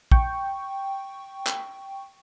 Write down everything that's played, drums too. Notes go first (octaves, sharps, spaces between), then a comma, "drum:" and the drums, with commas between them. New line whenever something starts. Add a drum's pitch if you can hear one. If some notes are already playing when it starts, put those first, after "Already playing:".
G5 C#6, drum: kick
drum: clap